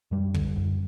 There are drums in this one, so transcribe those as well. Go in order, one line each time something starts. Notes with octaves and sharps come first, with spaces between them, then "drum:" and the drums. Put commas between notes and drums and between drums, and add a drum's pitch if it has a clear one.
F#2 G3
D3, drum: kick
F#2